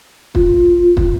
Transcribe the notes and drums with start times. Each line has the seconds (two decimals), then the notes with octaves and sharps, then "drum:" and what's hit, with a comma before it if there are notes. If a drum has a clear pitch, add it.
0.35 F4, drum: kick
0.97 drum: kick